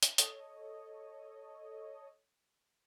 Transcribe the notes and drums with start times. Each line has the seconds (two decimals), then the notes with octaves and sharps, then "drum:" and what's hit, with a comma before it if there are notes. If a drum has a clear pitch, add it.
0.03 drum: hi-hat
0.18 A4 C#5 D#5, drum: hi-hat